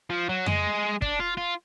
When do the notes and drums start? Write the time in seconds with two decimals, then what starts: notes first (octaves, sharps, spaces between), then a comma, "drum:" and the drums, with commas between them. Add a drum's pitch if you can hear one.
0.10 F3
0.29 F#3
0.46 G#3, drum: tom F2
1.02 D4, drum: kick
1.20 F4
1.37 F4